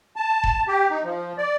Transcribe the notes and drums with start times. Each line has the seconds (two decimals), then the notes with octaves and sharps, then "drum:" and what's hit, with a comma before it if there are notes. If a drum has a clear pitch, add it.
0.16 A5
0.44 drum: kick F1
0.67 G4
0.90 D#4
1.04 F3
1.38 D5